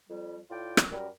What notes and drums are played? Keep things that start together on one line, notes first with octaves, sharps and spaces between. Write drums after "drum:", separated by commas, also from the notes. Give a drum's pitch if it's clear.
F2 G3
A2 F4 D5 G5
drum: rim click
F#2 G3 A#4